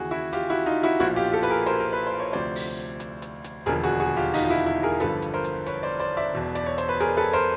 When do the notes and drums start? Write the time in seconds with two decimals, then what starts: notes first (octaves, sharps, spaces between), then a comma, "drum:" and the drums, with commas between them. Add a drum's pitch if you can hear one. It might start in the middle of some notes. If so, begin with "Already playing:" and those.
Already playing: D#2 C#3 E3 F#4 G#4
0.11 E4 F#4
0.33 F4 G4, drum: hi-hat
0.50 E4 F#4
0.66 D#4 F4
0.83 E4 F#4
1.00 B1 A#2 F3 E4 F#4
1.16 F4 G4
1.33 G4 A4
1.43 B4, drum: hi-hat
1.50 G#4 A#4
1.66 A#4 C5, drum: hi-hat
1.80 A#4
1.93 B4
2.07 C5
2.20 C#5
2.33 D2 C3 F3 C5 D5
2.55 drum: open hi-hat
3.00 drum: hi-hat
3.22 drum: hi-hat
3.44 drum: hi-hat
3.66 E1 D#2 D3 F3 G#4 A#4, drum: hi-hat
3.83 F#4 G#4
4.00 F#4 G#4
4.17 F4 G4
4.34 D#4 F4, drum: open hi-hat
4.46 F4
4.50 E4
4.66 E4
4.83 G#4 A#4
5.00 G1 G2 D3 F3 A4 B4, drum: hi-hat
5.22 drum: hi-hat
5.34 A#4 C5
5.45 drum: hi-hat
5.66 B4 C#5, drum: hi-hat
5.83 C5 D5
6.00 C5 D5
6.17 D5 E5
6.34 E1 E2 B2
6.55 D5, drum: hi-hat
6.66 C#5
6.78 C5, drum: hi-hat
6.89 B4
7.00 G#4 A#4, drum: hi-hat
7.17 A4 B4
7.33 A#4 C5